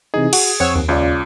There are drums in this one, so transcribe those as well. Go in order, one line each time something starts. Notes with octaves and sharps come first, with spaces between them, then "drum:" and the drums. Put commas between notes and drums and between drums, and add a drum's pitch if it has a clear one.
C3 E3 D#4 G#4
F#4, drum: cymbal
F2 C4 C#5 F#5 E6
D#2
C#2 C#4 F4 D5